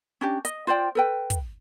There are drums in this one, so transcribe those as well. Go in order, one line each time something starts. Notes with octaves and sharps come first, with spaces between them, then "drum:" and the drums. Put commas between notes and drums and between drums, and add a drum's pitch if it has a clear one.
C#4 D4 G4
D#5, drum: hi-hat
F4 C5 D5 G5
A4 B4 G5
drum: kick, hi-hat